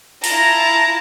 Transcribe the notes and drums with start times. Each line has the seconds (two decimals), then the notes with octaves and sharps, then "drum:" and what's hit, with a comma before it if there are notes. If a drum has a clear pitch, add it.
0.24 E4 F4 A5 A#5, drum: open hi-hat